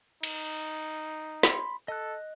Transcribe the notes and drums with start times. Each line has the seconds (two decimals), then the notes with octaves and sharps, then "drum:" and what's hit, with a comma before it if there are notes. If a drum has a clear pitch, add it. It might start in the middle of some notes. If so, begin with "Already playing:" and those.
0.23 D#4, drum: cymbal
1.43 B5 C6, drum: snare
1.88 A4 D#5 F#6